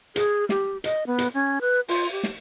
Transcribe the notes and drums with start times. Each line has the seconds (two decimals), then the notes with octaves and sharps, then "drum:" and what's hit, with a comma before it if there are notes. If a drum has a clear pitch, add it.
0.16 G#4, drum: hi-hat
0.49 G4, drum: snare
0.84 D#5, drum: hi-hat
1.07 B3
1.18 drum: hi-hat
1.34 C#4
1.61 B4
1.88 F4, drum: open hi-hat
2.12 G4
2.23 drum: snare